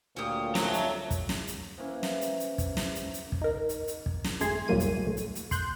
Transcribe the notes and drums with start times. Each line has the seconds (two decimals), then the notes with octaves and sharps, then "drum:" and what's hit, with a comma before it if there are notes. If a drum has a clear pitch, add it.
0.16 D2 A#2 C#4 G4 D#6
0.55 F2 A#2 A3 C4 C#5 A#5, drum: snare
0.74 drum: hi-hat
1.10 drum: kick, hi-hat
1.29 drum: snare
1.47 drum: hi-hat
1.78 E3 A#3 C#4 E4 C5
2.03 drum: snare
2.21 drum: hi-hat
2.40 drum: hi-hat
2.58 drum: kick, hi-hat
2.77 drum: snare
2.95 drum: hi-hat
3.14 drum: hi-hat
3.32 drum: kick
3.42 D#4 A#4
3.69 drum: hi-hat
3.87 drum: hi-hat
4.06 drum: kick
4.24 drum: snare
4.40 G#1 F#2 A3 G#4 C6 G#6, drum: hi-hat
4.68 C#2 A2 F#3 G3 A#3 D#7
4.80 drum: kick, hi-hat
5.06 A#1 A3
5.17 drum: hi-hat
5.35 drum: hi-hat
5.51 C6 F#6 G6, drum: kick, hi-hat